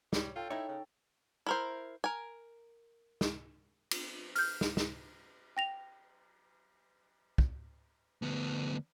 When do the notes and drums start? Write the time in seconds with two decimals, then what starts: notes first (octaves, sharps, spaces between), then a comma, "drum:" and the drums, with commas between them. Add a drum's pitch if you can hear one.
0.13 G3 C#5, drum: snare
0.36 F4 A4 G5
0.50 D#4 E4 C#5
0.69 C#3
1.46 E4 A#4 C5
2.04 A#4 G#5
3.21 drum: snare
3.91 drum: cymbal
4.36 F6 G6, drum: open hi-hat
4.61 drum: snare
4.77 drum: snare
5.57 G5 A#6 F7
7.38 drum: kick
8.22 D2 B3